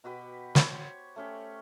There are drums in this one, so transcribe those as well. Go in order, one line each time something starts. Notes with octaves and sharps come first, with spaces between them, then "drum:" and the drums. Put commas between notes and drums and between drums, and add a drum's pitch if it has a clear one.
B2 F#4 G4 B4
C5 C#5, drum: snare
A3 C#4 G4